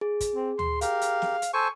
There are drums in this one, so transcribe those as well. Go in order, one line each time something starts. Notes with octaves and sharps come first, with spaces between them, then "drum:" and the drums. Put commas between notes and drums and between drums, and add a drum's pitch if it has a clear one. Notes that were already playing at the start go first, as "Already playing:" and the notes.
G#4
drum: kick, hi-hat
C4
C6, drum: tom D2
G4 A#4 F5, drum: hi-hat
drum: hi-hat
drum: snare
drum: hi-hat
A4 C5 G#5 C#6